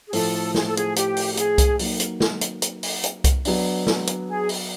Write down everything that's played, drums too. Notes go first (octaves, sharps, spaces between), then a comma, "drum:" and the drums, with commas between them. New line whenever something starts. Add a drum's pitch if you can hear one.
G#4
A2 F3 A3 A4, drum: open hi-hat
G#4, drum: snare
A4
G#4, drum: hi-hat
G4, drum: hi-hat
drum: open hi-hat
G4
G#4, drum: hi-hat
drum: kick C2, hi-hat
F#3 A#3 D#4, drum: open hi-hat
drum: hi-hat
drum: snare
drum: hi-hat
drum: hi-hat
drum: open hi-hat
drum: hi-hat
drum: kick C2, hi-hat
F#3 B3 D4, drum: open hi-hat
drum: snare
drum: hi-hat
G#4
drum: open hi-hat